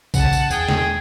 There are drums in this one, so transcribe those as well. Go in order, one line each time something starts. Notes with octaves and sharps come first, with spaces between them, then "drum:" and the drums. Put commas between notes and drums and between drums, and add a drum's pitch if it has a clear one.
C#3 F#5 A5, drum: kick A#1, tambourine
drum: tambourine
E2 G#4 G5, drum: tambourine
drum: snare